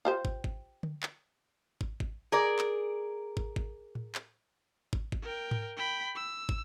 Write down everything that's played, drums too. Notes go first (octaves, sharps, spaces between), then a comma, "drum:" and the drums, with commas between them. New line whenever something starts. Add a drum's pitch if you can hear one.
F4 G4 C5
drum: kick
drum: kick
drum: tom D3
drum: clap
drum: kick
drum: kick
G#4 A#4 D5
drum: clap
drum: kick
drum: kick
drum: tom A2
drum: clap
drum: kick
drum: kick
A#4 G5
drum: tom G#2
G5 B5
E6
drum: kick